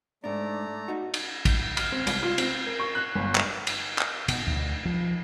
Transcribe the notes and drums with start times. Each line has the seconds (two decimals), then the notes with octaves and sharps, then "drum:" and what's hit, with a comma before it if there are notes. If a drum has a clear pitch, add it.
0.24 G#2 A3 D4 D5 A#5
0.88 D#4 F#4
1.14 drum: cymbal
1.45 drum: kick, cymbal
1.77 F6, drum: cymbal
1.92 C4
2.07 C2, drum: cymbal
2.23 F4
2.38 C4, drum: cymbal
2.67 A#4
2.80 C#6
2.95 F#6
3.15 G1
3.35 drum: clap
3.67 drum: cymbal
3.98 drum: clap
4.28 B2, drum: cymbal
4.47 D2
4.86 F3